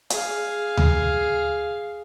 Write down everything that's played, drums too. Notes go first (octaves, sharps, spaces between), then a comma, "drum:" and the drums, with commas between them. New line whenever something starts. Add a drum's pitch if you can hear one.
G#4 F5, drum: hi-hat
drum: tom D2